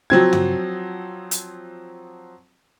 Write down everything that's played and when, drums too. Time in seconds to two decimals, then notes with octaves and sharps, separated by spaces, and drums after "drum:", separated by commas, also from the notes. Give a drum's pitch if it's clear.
0.10 F3 F#3 C4 G#6
0.33 drum: tom
1.31 drum: hi-hat